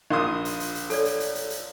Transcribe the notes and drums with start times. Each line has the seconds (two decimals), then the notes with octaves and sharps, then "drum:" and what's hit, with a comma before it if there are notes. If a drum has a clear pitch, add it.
0.10 A#1 C6 D#6
0.45 drum: hi-hat
0.60 drum: hi-hat
0.75 drum: hi-hat
0.90 A4 C#5 D5, drum: hi-hat
1.05 drum: hi-hat
1.20 drum: hi-hat
1.35 drum: hi-hat
1.50 drum: hi-hat